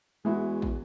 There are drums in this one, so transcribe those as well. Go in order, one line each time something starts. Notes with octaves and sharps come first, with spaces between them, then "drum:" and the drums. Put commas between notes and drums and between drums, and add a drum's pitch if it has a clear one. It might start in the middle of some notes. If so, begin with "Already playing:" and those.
E2 G#3 E4 F#4
drum: kick